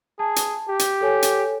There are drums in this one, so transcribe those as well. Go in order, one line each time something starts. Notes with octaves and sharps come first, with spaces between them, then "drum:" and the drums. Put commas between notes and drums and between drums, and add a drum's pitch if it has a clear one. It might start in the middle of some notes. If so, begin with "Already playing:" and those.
G#4 A5
drum: hi-hat
G4
drum: hi-hat
A4 C#5 G#5
drum: hi-hat